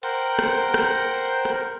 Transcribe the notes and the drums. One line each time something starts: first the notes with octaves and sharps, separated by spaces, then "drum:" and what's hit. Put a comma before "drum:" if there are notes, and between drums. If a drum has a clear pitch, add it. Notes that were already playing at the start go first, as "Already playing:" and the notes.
A#4 C5 F#5 G5, drum: hi-hat
drum: rim click
drum: rim click
drum: rim click